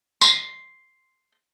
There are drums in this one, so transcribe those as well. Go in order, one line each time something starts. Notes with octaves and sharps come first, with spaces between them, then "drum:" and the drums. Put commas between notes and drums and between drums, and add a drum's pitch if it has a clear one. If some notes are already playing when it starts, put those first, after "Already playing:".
C6, drum: tambourine